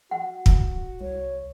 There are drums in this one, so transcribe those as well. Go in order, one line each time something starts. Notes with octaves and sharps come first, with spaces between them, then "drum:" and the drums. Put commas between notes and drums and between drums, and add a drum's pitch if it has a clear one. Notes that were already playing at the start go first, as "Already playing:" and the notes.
F#4 F#5
drum: kick
C2 C#5